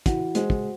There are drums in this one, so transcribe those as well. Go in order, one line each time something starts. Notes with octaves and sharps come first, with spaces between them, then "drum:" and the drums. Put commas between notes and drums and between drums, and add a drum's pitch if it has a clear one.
E3 F#4 F#5, drum: kick, hi-hat
G#3 C5, drum: hi-hat
drum: kick